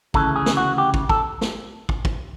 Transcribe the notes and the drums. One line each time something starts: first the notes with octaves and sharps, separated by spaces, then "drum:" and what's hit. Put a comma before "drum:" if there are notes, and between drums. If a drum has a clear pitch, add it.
D2 C#3 E3 A4, drum: kick
G#4
drum: snare
F#4
G4
drum: kick
A4, drum: kick
drum: snare
drum: kick
drum: kick